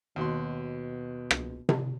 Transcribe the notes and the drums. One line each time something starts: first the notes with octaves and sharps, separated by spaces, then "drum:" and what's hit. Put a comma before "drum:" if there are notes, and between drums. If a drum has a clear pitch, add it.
D#2 B2 F#4 C6
drum: rim click
drum: tom C3